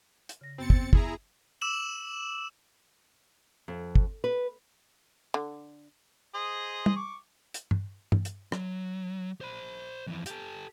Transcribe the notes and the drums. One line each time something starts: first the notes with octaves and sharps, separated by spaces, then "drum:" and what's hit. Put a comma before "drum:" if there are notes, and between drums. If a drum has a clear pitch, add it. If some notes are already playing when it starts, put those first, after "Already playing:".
drum: hi-hat
C#3 A#6
F#2 B3 C4 A6 C#7
drum: kick
E4 G#4 A#5, drum: kick
D6 E6 E7 F#7
F2
drum: kick
B4
D3
G#4 C5 D#5
drum: tom
C#6 D6
drum: hi-hat
drum: tom G2
drum: tom G2
drum: hi-hat
F#3, drum: rim click
C5 B5
F2 E3
G4 A4, drum: hi-hat